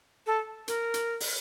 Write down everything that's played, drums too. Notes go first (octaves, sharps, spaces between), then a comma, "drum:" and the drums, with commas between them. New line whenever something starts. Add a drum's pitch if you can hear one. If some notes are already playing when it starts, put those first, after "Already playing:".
A4
A#4, drum: hi-hat
drum: hi-hat
drum: open hi-hat